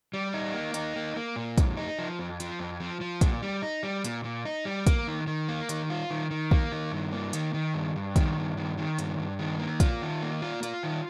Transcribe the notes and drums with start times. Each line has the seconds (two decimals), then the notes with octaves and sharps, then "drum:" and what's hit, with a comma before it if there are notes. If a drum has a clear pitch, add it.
0.13 G3
0.34 D#4
0.54 A#3
0.74 D#4, drum: hi-hat
0.96 A#3
1.16 A#3
1.36 A#2
1.58 F2, drum: kick, hi-hat
1.77 D#4
1.99 F3
2.19 F2
2.40 F3, drum: hi-hat
2.59 F2
2.80 F3
3.01 F3
3.21 A#2, drum: kick, hi-hat
3.42 G3
3.62 D#4
3.83 G3
4.04 A#2, drum: hi-hat
4.24 A#2
4.45 D#4
4.65 G3
4.87 A#3, drum: kick, hi-hat
5.08 D#3
5.27 D#3
5.48 A#3
5.69 D#3, drum: hi-hat
5.90 F4
6.11 D#3
6.31 D#3
6.51 A#3, drum: kick
6.72 D#3
6.92 G2
7.12 A#3
7.33 D#3, drum: hi-hat
7.54 D#3
7.74 G2
7.96 G2
8.16 D#3, drum: kick, hi-hat
8.37 G2
8.57 D#3
8.78 D#3
8.99 G2, drum: hi-hat
9.19 G2
9.39 D#3
9.59 A#3
9.80 F4, drum: kick, hi-hat
10.02 D#3
10.22 A#3
10.42 F4
10.63 F4, drum: hi-hat
10.83 D#3